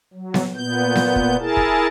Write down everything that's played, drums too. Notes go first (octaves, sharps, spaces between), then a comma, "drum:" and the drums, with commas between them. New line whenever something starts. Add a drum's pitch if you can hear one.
F#3
drum: snare B3
A#2 B3 G6
drum: snare B3
drum: kick
E4 G#4 A#4 A5
drum: kick